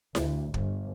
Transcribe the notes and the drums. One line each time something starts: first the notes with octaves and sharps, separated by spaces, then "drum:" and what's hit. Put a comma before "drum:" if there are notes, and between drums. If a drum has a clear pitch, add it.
D2, drum: snare E4
G1, drum: kick